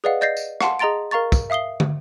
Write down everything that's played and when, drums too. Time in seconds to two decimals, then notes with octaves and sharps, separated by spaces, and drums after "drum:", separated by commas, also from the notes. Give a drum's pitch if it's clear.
0.04 G#4 B4 D5 D#5 F5 F#5
0.21 D5 D#5 G6 A6 A#6 C7
0.37 drum: tambourine
0.61 F5 F#5 A5 C6, drum: rim click
0.79 G#4 D#5 A#5 C6 A6 D7
1.11 A#4 F5 A#5 C#6 A6
1.32 drum: kick, tambourine
1.50 E5 F5 D#6 C7 G7
1.80 drum: tom